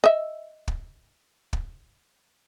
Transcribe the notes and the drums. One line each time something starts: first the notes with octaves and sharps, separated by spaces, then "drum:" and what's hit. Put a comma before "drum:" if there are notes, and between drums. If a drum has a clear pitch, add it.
D#5 E5
drum: kick
drum: kick